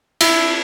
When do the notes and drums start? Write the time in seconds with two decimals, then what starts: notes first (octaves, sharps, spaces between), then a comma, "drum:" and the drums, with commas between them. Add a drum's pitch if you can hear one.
0.21 E4, drum: cymbal